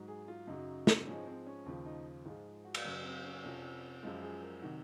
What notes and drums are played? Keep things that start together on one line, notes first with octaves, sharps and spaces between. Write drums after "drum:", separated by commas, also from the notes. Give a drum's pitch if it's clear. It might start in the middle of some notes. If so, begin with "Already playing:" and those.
Already playing: G#2 F#3
G#4
F4
F#2 C#3 F#3 D#4
drum: snare
G#2 F3 G#3 C#4
C4
C#4
D#2 C#3 F3
D#4
G#2 F3 G#3 F4
F#4
drum: cymbal
F#2 C#3 F#3 C#4
C4
C#4
F2 C3 F3 C#4
F#2 F3 G#3 F4
G#4
A#4
C3 D#3 F#3 F#4